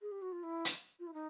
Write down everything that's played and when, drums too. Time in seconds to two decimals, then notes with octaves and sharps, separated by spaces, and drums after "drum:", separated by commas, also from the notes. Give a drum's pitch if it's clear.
0.01 G#4
0.11 G4
0.21 F#4
0.32 F4
0.43 E4
0.65 drum: hi-hat
0.99 F4
1.07 E4
1.13 D#4